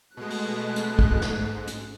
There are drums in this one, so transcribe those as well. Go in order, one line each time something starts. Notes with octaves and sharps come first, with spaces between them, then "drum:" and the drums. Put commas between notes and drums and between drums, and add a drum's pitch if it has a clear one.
B2 G#3 A3 F#6
drum: open hi-hat
drum: hi-hat
drum: kick
G#2, drum: snare
drum: hi-hat